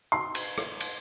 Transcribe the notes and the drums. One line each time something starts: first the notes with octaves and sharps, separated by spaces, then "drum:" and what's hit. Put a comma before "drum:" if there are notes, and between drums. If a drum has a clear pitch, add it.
C6
drum: cymbal
drum: rim click
drum: cymbal